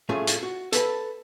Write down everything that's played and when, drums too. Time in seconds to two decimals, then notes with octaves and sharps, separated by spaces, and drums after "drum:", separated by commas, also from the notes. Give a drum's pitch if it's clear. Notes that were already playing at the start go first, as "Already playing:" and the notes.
0.09 A2 A3 C#4 F4 G#4
0.27 drum: hi-hat
0.43 F#4
0.72 A4 B4 A5, drum: hi-hat